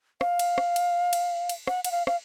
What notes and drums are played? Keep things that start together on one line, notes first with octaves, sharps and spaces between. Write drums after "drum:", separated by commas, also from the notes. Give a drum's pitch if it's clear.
F5, drum: rim click
drum: cymbal
drum: rim click
drum: cymbal
drum: cymbal
drum: cymbal
F#5, drum: rim click
F#5, drum: cymbal
F5
F5, drum: rim click